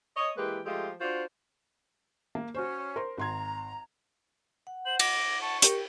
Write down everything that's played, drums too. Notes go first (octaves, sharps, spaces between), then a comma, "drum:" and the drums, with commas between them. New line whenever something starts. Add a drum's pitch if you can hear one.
C#5 D#5
E3 G#3 A#3 G4 B4
F3 G#3 A3 F4 G4
D4 F4 F#4 C5
A#3
C#4 F#4 C5
A#4 C5 C6
G#1 A#5 C6 G#6
F#5
C5 F#7
D6 A#6, drum: cymbal
A5 C#6
G4 A#4 G5, drum: hi-hat